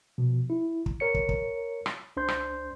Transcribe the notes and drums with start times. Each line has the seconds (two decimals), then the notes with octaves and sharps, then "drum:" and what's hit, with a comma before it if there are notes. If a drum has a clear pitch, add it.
0.18 B2 F3
0.50 E4
0.86 drum: kick
1.00 A#4 C#5 C#7
1.14 drum: kick
1.29 drum: kick
1.86 drum: rim click
2.16 C#2 D4 C5 C6 G6
2.28 drum: rim click